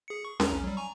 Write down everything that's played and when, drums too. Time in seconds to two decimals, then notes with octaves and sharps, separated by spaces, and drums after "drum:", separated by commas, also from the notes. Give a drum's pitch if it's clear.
0.08 G#4 C#7
0.25 C#6
0.40 E2 G#3 A#5, drum: snare C#4
0.52 B1 C#4
0.64 F#3 G3
0.77 G#5 A#5 C#6